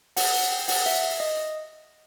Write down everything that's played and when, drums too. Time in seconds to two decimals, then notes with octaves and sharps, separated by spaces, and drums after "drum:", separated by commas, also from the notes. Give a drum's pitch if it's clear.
0.17 F#5, drum: open hi-hat
0.51 G5
0.68 F#5, drum: open hi-hat
0.86 E5
1.20 D#5